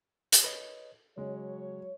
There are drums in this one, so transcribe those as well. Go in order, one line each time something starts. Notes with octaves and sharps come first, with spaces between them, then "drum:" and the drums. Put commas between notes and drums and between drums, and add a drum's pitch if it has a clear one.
drum: hi-hat
B4 C#5 D#5
C#3 F#3 G#3 C#5